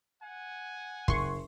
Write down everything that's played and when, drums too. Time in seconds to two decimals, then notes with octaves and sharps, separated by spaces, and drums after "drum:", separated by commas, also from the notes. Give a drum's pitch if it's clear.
0.23 F#5 G#5
1.08 F#1 C6 C#6, drum: kick